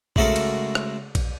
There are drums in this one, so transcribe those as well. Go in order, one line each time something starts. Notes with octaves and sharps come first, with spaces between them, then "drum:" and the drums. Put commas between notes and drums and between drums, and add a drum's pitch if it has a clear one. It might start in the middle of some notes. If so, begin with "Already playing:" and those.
C#3 G#3 A3 F#4 A4 A#4, drum: kick A#1
drum: cymbal
drum: rim click
drum: kick A#1, cymbal